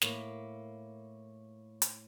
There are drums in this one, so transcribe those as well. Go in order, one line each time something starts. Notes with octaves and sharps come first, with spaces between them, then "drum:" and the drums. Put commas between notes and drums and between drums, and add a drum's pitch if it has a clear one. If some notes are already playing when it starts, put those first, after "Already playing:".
A2 A#3, drum: snare
drum: hi-hat